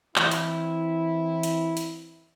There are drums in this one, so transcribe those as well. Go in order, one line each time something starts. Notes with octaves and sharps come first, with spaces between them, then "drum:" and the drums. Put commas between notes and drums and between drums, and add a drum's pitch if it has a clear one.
E3 C4 E4, drum: clap
drum: hi-hat
drum: hi-hat
drum: hi-hat